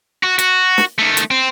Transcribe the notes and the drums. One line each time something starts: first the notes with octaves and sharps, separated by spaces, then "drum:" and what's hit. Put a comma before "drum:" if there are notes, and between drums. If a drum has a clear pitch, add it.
F#4
F#4, drum: hi-hat
drum: snare
D#3 A3
drum: hi-hat
C4